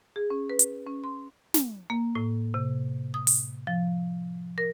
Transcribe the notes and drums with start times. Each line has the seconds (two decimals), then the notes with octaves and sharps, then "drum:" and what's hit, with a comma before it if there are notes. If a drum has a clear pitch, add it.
0.16 G#4
0.30 C#4
0.49 B4
0.59 drum: hi-hat
0.87 C#4
1.04 C6
1.54 drum: snare
1.90 A#3
2.15 A2
2.54 C3
3.14 D#6
3.27 drum: open hi-hat
3.67 F3
4.58 A#4